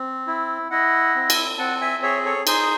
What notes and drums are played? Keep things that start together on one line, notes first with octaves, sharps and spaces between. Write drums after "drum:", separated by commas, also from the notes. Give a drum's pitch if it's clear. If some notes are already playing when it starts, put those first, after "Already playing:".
Already playing: C4
E4
E4 D#5 F#5
C4
drum: cymbal
C4 F#5 A5
E5 G#5
G#4 C#5 E5
A4 C#5
D#4 G#4 C5, drum: cymbal